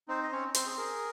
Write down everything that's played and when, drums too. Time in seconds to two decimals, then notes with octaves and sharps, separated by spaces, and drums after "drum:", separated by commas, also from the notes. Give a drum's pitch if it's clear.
0.08 C4 D#4 C5
0.23 D#5
0.32 C4 C#4 C#5
0.54 C4 C5, drum: hi-hat
0.66 G#4
0.77 G#4 A#4